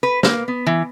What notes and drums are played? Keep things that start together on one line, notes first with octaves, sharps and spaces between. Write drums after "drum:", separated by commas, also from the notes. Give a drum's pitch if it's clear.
B4
A#3, drum: snare
B3
E3